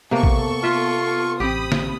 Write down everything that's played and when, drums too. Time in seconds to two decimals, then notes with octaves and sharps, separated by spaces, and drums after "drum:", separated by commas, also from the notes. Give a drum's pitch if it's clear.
0.11 C3 A#3 B3 A4 C#6
0.23 drum: kick
0.64 F4 E5
1.40 A1 C4 G4 B5 D#6
1.72 drum: snare